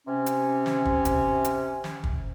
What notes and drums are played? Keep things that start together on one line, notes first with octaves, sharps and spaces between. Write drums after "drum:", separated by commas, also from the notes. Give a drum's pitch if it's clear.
C3 C#4
drum: hi-hat
drum: snare
drum: kick
drum: kick, hi-hat
drum: hi-hat
drum: snare
drum: kick